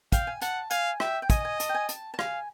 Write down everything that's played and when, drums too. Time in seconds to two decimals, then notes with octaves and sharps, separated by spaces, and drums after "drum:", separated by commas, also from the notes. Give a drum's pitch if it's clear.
0.12 F5 G5, drum: kick, hi-hat
0.27 G#5
0.41 F#5 A5, drum: hi-hat
0.71 F5 G#5, drum: hi-hat
1.00 E5 G5, drum: rim click
1.22 G5
1.30 D#5 G#5, drum: kick, hi-hat
1.45 G#5
1.60 A5, drum: hi-hat
1.69 G5
1.75 G#5
1.89 A5, drum: hi-hat
2.14 A5
2.19 F5 G#5, drum: rim click